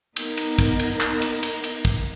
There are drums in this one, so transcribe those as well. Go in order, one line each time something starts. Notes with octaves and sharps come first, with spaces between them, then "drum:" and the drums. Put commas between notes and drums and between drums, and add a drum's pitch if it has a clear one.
B3 D#4 A#4, drum: cymbal
drum: cymbal
drum: kick, cymbal
drum: cymbal
drum: clap
drum: cymbal
drum: cymbal
drum: cymbal
drum: kick